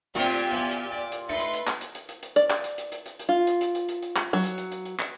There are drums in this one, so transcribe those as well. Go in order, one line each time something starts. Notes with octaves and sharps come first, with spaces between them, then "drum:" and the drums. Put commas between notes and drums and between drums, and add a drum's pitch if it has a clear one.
A#2 G3 A3 C4 F4 G4 E5 G#5, drum: hi-hat
drum: hi-hat
E2 F3 A5
drum: hi-hat
D5
drum: hi-hat
A3 D#4 A4 B4 C6
drum: hi-hat
drum: hi-hat
drum: clap
drum: hi-hat
drum: hi-hat
drum: hi-hat
drum: hi-hat
D5, drum: hi-hat
drum: clap
drum: hi-hat
drum: hi-hat
drum: hi-hat
drum: hi-hat
drum: hi-hat
F4
drum: hi-hat
drum: hi-hat
drum: hi-hat
drum: hi-hat
drum: hi-hat
drum: clap
F#3
drum: hi-hat
drum: hi-hat
drum: hi-hat
drum: hi-hat
drum: clap